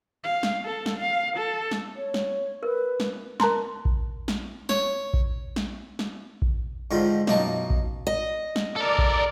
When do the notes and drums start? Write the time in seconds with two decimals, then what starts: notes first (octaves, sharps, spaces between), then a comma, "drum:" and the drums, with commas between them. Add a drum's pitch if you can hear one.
0.24 F5
0.43 drum: snare
0.65 A4
0.86 drum: snare
0.98 F5
1.37 A4
1.71 drum: snare
1.96 C#5
2.14 drum: snare
2.63 A#4 B4
3.00 drum: snare
3.40 A#4 A5 A#5 C6, drum: snare
3.85 drum: kick A#1
4.28 drum: snare
4.69 C#5, drum: snare
5.14 drum: kick A#1
5.56 drum: snare
5.99 drum: snare
6.42 drum: kick A#1
6.91 G#2 D3 D#3 F3 F4
7.27 B1 F#2 A#3 D#4 A5, drum: snare
7.70 drum: kick A#1
8.07 D#5
8.56 drum: snare
8.76 A4 A#4 D5
8.98 drum: kick A#1